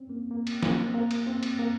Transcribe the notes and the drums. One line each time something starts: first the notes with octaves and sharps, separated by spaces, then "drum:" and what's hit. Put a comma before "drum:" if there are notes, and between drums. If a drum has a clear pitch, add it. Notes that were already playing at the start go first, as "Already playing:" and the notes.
Already playing: C4 C#4
A#3
A#3
drum: cymbal
A#3, drum: snare
C4
A#3
drum: cymbal
C4
drum: cymbal
A#3